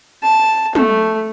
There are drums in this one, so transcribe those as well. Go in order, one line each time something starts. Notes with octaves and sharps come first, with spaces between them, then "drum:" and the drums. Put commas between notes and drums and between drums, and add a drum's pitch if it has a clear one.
A5
A3, drum: tom